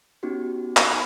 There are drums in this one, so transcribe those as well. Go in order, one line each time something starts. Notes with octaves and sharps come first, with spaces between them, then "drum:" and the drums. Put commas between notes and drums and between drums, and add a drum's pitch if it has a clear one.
B3 C#4 D#4 F#4 G4
drum: clap